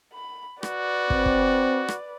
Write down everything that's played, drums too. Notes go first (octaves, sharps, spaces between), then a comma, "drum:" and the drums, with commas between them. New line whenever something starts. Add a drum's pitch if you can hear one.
B5
F#4 B4 D5, drum: rim click
C4, drum: kick
drum: kick
drum: rim click